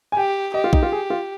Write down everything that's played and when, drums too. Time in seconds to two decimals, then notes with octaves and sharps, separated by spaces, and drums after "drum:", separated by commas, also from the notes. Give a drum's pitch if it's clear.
0.12 G#5
0.17 G4 G5
0.54 G4 D#5
0.64 F4
0.73 D#4, drum: kick A#1
0.83 F4
0.92 G#4
1.10 F4